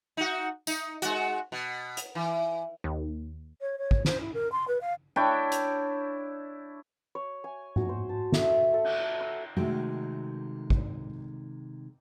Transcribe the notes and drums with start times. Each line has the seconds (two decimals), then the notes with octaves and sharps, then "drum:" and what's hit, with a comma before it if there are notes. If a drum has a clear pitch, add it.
0.17 D#4 F#4
0.67 D#4, drum: tambourine
1.02 G#3 F#4, drum: hi-hat
1.52 B2
1.97 drum: hi-hat
2.15 E3
2.84 D#2
3.61 C#5
3.78 C#5
3.91 drum: kick
4.05 C5, drum: snare
4.20 E4
4.34 A#4
4.52 C6
4.67 B4
4.81 F5
5.16 D4 E4 C#5 G5
5.52 drum: hi-hat
7.15 C#5
7.44 G#5
7.76 F#4, drum: tom G#2
7.89 C5
8.09 A5
8.32 A3, drum: snare
8.74 A4
8.84 drum: cymbal
9.20 E6
9.57 C3 D#3 G#3 A3 F#4 G5
10.70 drum: kick